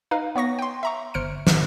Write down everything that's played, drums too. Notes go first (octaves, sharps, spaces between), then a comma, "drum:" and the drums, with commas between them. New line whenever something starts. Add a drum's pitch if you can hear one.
D#4 B4 F5
B3 C#5 C#6 A#6
G5 C6
E5 A#5 C#6
G1 C5 F6 C#7 D7
drum: snare